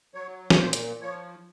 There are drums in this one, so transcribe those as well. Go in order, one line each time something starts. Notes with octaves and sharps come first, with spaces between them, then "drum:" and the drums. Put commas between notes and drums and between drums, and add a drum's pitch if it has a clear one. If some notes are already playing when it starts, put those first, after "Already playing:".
F#3 C#5
C#5, drum: snare
A#2 C5
drum: hi-hat
F3 C#5